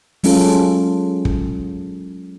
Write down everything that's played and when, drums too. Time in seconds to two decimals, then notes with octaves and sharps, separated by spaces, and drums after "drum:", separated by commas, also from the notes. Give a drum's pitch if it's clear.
0.24 F#3 G#3 C#4 F4 A4, drum: open hi-hat
1.25 drum: kick